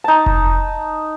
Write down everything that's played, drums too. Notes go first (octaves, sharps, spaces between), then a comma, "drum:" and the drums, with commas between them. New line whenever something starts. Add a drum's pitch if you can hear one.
D#4 A5
drum: kick F1